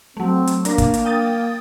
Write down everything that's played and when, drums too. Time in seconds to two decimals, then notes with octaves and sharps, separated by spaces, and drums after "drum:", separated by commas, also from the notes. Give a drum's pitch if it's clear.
0.17 F#3 A3 C4
0.47 drum: hi-hat
0.65 A#3 D4 A#4, drum: hi-hat
0.78 drum: kick, hi-hat
0.94 drum: hi-hat
1.05 G5 D#6 A6